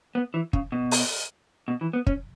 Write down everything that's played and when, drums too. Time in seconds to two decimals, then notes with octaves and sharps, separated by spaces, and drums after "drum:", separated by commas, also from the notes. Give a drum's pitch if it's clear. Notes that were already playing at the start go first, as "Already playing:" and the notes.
0.15 B3
0.34 E3
0.53 C#3, drum: kick
0.72 B2
0.91 drum: open hi-hat
1.68 B2
1.81 E3
1.93 B3
2.07 C#4, drum: kick